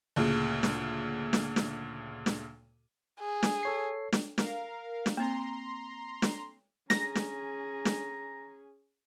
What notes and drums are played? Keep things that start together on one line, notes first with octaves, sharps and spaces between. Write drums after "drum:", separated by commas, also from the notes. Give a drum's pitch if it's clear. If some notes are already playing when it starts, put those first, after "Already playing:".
D2 A#2 C#3
drum: snare
drum: snare
drum: snare
drum: snare
G#4
drum: snare
A4 C#5 C7
drum: snare
A#4 F5, drum: snare
drum: snare
A#3 C4 A#5 C6
drum: snare
C#4 G#4 A#5 A#6, drum: snare
drum: snare
drum: snare